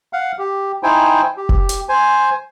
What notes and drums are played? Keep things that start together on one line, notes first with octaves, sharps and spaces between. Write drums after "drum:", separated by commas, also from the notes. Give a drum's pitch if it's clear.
F5 F#5
G4
D#4 E4 C5 G5 G#5
G4
drum: kick F1
drum: hi-hat
C5 G#5